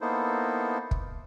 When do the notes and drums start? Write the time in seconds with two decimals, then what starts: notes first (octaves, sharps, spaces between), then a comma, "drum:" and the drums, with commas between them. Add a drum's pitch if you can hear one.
0.01 A#3 B3 D#4 E4 A4 C5
0.91 drum: kick